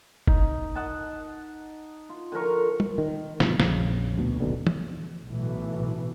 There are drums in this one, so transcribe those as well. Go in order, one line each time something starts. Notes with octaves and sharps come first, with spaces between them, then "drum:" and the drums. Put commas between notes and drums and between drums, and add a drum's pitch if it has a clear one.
D#4, drum: kick F#1
D#5 F#5 A5
F4
D3 F3 A#4 C#6
drum: tom
D#3
G2 B2 F3, drum: snare
A#1 F2 C#3, drum: snare
D2 B2
F#1 D#2 B2 D3
drum: tom
B1 A2 E3